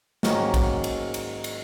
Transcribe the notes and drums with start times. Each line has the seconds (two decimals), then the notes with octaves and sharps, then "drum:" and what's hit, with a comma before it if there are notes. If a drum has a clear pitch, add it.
0.23 G#2 D#3 F#3 A#3 C#4 F#4, drum: snare
0.54 drum: kick, cymbal
0.84 drum: cymbal
1.14 drum: cymbal
1.44 drum: cymbal